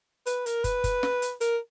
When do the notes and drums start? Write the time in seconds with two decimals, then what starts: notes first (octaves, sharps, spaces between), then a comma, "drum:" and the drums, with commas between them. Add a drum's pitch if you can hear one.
0.26 B4, drum: hi-hat
0.46 A#4, drum: hi-hat
0.64 B4, drum: kick, hi-hat
0.84 drum: kick, hi-hat
1.03 drum: snare
1.22 drum: hi-hat
1.41 A#4, drum: hi-hat